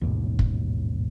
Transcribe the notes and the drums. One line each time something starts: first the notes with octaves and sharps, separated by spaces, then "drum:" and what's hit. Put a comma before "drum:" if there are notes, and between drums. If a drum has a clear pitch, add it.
A1 D#2 G#2 B2
drum: kick